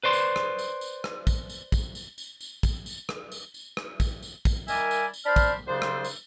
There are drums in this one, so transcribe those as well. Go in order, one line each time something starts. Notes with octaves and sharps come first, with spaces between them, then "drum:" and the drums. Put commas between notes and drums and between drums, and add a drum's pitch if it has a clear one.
B4 C5 D5 C6
drum: tambourine
drum: rim click
drum: tambourine
drum: tambourine
drum: rim click
drum: kick, tambourine
drum: tambourine
drum: kick, tambourine
drum: tambourine
drum: tambourine
drum: tambourine
drum: kick, tambourine
drum: tambourine
drum: rim click
drum: tambourine
drum: tambourine
drum: rim click
drum: kick, tambourine
drum: tambourine
drum: kick, tambourine
D#3 G3 A#4 D5 E5 G#5, drum: tambourine
drum: tambourine
drum: tambourine
D4 C5 D5 A5 B5 F6
drum: kick, tambourine
C2 C#3 F#3 D4 C5
drum: rim click
drum: tambourine